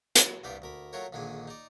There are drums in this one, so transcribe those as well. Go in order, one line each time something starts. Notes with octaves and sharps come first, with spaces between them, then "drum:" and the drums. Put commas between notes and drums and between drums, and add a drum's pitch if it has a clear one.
F#2, drum: hi-hat
C2 G2 B3 G4 D5 F5
D2 A#4 B5
F#3 A3 F4 F#4 A#4 C#5
A#1 A#2 D3 D#3 G#3 G#5
D#4 D5